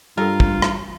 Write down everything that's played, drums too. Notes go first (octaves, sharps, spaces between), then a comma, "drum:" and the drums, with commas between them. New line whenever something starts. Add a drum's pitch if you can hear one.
G2 G3 F4 A4 A#4
drum: kick
drum: rim click